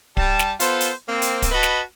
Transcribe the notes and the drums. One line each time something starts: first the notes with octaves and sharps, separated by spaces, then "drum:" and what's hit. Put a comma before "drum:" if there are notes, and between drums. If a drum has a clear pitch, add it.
G3 A5, drum: kick D1
drum: snare
B3 F4 A4 C5, drum: hi-hat
drum: hi-hat
A#3 C4
drum: hi-hat
drum: kick D1, hi-hat
F#4 B4 D#5 A5 B5
drum: snare